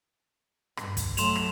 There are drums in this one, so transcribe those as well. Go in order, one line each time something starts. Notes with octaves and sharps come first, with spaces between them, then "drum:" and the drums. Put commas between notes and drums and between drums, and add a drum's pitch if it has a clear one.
G2, drum: rim click
drum: kick, hi-hat
F#3 A3 C6 E7 F7, drum: hi-hat
drum: rim click